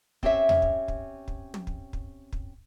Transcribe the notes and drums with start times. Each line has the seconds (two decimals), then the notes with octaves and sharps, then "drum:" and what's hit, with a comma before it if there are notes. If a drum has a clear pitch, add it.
0.23 C4 C#4 G4 C#5 E5, drum: kick
0.49 drum: tom E2
0.62 drum: kick
0.88 drum: kick
1.28 drum: kick
1.54 drum: tom
1.67 drum: kick
1.93 drum: kick
2.33 drum: kick